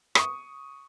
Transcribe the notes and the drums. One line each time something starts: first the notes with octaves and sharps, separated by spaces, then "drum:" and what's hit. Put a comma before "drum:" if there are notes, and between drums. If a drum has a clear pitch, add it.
C#6 D#6, drum: rim click